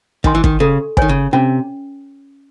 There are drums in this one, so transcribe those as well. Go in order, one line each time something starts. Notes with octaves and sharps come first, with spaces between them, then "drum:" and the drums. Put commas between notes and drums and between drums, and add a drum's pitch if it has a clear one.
D#3 D#5 G#5 C6, drum: kick
E3
D#3, drum: kick
C#3 A4
D#3 C#5 G#5, drum: kick
C#3
C3 C#4